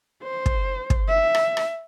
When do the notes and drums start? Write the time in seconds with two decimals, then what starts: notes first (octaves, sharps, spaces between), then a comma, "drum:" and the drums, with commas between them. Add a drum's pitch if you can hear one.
0.23 C5
0.46 drum: kick
0.90 drum: kick
1.08 E5
1.35 drum: rim click
1.57 drum: rim click